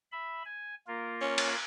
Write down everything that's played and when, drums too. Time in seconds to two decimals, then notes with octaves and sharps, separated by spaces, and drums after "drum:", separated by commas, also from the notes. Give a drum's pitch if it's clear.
0.12 E5 B5
0.45 G#5
0.87 A#3 F4 A#4
1.21 C#4
1.38 drum: cymbal